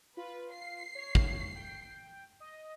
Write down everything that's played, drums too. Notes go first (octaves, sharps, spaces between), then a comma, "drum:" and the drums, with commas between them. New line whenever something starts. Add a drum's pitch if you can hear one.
F4 B4
C7
C#5
drum: kick
G5
D#5